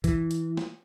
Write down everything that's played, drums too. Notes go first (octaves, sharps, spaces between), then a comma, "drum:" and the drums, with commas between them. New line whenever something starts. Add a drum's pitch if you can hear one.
E3, drum: kick, hi-hat
drum: hi-hat
drum: snare